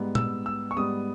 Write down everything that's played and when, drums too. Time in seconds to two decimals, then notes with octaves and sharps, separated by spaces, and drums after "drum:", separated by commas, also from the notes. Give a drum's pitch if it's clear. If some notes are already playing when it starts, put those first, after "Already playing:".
Already playing: G#2 G3 B3
0.15 E6, drum: tom A#2
0.46 E6
0.71 C#6
0.76 G#2 G3 B3 D#6